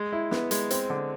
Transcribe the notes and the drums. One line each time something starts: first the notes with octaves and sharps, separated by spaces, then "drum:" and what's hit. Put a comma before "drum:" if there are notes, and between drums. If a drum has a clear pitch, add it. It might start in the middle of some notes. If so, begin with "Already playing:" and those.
Already playing: G#3
E4
B3, drum: snare
G#3, drum: hi-hat
C4, drum: hi-hat
D3